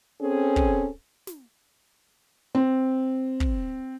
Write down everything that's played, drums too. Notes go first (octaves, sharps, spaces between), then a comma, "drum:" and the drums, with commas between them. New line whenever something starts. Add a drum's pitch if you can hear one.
C4 C#4 G#4 A4
drum: kick
drum: snare
C4
drum: kick